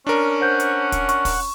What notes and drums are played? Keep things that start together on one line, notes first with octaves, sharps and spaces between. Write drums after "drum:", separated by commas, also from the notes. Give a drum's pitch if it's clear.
C#4 D4 A#4
C5 F#5 G6
drum: hi-hat
drum: kick, hi-hat
C#6, drum: hi-hat
drum: kick, open hi-hat